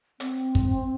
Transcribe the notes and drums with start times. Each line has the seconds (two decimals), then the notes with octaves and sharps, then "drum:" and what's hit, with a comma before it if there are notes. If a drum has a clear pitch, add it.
0.20 C4, drum: hi-hat
0.55 drum: kick